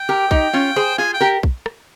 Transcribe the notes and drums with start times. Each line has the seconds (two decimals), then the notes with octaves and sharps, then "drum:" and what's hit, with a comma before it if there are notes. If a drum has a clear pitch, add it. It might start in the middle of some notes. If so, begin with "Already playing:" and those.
Already playing: G5
0.09 G4 A#4
0.31 D#4 G4, drum: kick
0.53 C#4 F4
0.76 G#4 C5
0.98 F4 G#4 G#5
1.14 G5
1.21 G4 A#4
1.43 drum: kick
1.66 drum: rim click